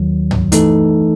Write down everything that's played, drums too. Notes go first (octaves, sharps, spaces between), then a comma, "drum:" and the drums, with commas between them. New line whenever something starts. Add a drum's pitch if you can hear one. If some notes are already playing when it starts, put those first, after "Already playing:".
Already playing: D#2 D#3 F#3
drum: tom
E3 A3 D#4 A4, drum: hi-hat